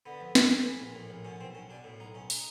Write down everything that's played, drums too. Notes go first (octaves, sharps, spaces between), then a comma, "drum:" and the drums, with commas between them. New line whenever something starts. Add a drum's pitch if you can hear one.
D3 B3
F2
F2, drum: snare
F2
E3
A#1
A2
A#1
B2 C#4
B1 C4
B1 C#4
B2 D4
A2
B1 D#4
B1 C#4
D#4, drum: open hi-hat